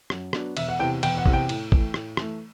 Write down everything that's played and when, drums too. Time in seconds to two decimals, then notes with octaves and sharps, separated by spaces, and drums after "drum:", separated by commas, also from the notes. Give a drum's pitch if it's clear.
0.10 F#2, drum: rim click
0.33 F#3 B3 D4, drum: rim click
0.57 E1 E5, drum: cymbal
0.68 F#5
0.79 E2 C3 G5
1.03 E1 G5, drum: cymbal
1.17 F#5
1.26 E2 C3, drum: kick
1.33 G5
1.49 A2, drum: cymbal
1.72 E3 A3, drum: kick
1.94 A2, drum: rim click
2.17 E3 A3, drum: rim click